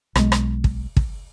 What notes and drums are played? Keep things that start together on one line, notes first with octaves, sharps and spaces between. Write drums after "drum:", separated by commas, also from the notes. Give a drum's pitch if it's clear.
B1 G#3, drum: rim click
drum: rim click
drum: kick
drum: kick